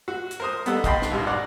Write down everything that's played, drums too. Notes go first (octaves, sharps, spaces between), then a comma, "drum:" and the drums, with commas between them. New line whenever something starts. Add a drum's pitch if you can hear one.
F#4
drum: hi-hat
A#4 C5 D#6
G3 B3 D#4 A4 F#5, drum: hi-hat
D#5 F5 G5 A5 B5 C6, drum: kick, hi-hat
drum: snare
B1 F#2 B2
D5 F#5 A#5